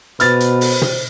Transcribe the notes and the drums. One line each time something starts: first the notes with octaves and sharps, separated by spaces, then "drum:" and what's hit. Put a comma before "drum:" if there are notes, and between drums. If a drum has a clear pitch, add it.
B2 B4 C5 F6 A6, drum: hi-hat
drum: hi-hat
drum: open hi-hat
drum: tom